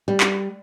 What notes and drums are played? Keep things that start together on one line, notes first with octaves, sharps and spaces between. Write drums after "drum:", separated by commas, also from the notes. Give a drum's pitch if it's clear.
G3
drum: clap